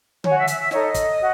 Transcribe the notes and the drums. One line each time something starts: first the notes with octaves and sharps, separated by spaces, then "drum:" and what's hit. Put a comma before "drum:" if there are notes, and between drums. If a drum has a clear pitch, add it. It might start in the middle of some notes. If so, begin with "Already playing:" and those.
F#4 C#5 G#5, drum: tom D3
E5
E5, drum: hi-hat
E5
D#4 A4 C#5 D#5, drum: snare
drum: kick, hi-hat
F#4